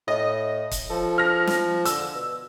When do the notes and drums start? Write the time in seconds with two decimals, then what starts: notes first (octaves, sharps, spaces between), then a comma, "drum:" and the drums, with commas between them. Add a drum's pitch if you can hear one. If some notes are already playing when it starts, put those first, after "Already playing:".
0.08 A2 D#5
0.71 drum: kick C#1, hi-hat
0.90 F3 A4
1.18 F6 A#6
1.47 drum: snare
1.85 D3 E6, drum: hi-hat
2.15 B2